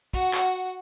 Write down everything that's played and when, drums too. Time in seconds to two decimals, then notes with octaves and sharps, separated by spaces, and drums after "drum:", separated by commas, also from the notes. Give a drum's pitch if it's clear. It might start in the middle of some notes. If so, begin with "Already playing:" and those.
0.14 F#4 F#5, drum: kick
0.34 drum: clap